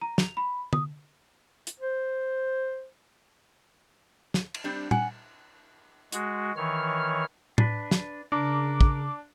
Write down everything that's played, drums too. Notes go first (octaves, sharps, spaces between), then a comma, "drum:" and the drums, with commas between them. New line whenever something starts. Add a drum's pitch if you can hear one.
A#5
F7, drum: snare
B5
D#6, drum: tom D3
drum: hi-hat
C5
drum: snare
drum: cymbal
G3 C4 D4
F#5 G#5, drum: tom A#2
G#3 F#4, drum: hi-hat
D#3 E3 C#5 F6
D4 B4, drum: tom
drum: snare
C#3 D4 A#4 D6
drum: kick